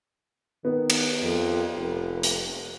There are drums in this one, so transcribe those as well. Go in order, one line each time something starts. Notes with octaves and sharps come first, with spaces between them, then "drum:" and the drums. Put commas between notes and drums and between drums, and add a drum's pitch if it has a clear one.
D#3 B3
drum: cymbal
F2
F1
drum: hi-hat